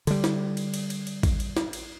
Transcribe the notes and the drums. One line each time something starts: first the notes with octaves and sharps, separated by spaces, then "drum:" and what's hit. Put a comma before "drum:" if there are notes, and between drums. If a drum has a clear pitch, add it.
D3 G3, drum: cymbal
drum: snare
drum: cymbal
drum: cymbal
drum: cymbal
drum: cymbal
drum: kick A1, cymbal
drum: cymbal
drum: snare
drum: cymbal